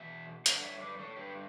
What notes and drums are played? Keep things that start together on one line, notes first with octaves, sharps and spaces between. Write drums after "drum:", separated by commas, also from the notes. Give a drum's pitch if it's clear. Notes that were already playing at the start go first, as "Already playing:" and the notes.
Already playing: E2 B2 E5
G2 D3 D5 F#5, drum: hi-hat
C#5 E5
B4 D5
A4 C#5
G2 D3 G4 B4